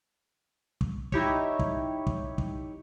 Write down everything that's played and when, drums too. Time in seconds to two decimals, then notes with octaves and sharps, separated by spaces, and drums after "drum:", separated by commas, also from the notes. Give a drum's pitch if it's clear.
0.81 drum: kick
1.12 D#4 E4 G4 C#5, drum: kick
1.60 drum: kick
2.07 drum: kick
2.38 drum: kick